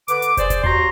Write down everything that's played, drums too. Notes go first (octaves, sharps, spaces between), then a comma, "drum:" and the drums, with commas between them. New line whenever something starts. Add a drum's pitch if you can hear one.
D3 B4 D6, drum: hi-hat
drum: hi-hat
G#4 C5 D5, drum: kick, hi-hat
drum: kick, hi-hat
D#2 F#4 A#5 C6, drum: tom E2